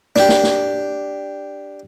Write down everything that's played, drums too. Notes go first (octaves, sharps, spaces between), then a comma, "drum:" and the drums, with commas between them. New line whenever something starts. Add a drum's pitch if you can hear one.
D4 G4, drum: snare
drum: snare
drum: snare